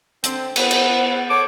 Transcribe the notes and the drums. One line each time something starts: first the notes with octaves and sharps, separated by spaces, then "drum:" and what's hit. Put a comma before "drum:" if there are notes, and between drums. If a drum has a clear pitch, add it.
D3 C4, drum: hi-hat
B3 C5 F#5, drum: cymbal
drum: cymbal
A4 C5 C#5 D6